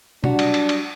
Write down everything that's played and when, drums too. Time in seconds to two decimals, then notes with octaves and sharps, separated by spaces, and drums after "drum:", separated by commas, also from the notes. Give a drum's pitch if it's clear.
0.24 F#3 G3 D4 F#4, drum: tom B2
0.39 drum: cymbal
0.54 drum: cymbal
0.69 drum: cymbal